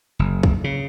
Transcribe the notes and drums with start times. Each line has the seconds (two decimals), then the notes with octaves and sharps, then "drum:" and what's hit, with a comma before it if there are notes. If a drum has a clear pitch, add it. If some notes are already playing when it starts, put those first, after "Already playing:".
0.19 F#1
0.43 drum: kick
0.64 C#3